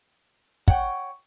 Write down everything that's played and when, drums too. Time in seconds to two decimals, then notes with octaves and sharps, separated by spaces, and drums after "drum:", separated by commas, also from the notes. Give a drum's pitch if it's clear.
0.68 C#5 F#5 G5, drum: kick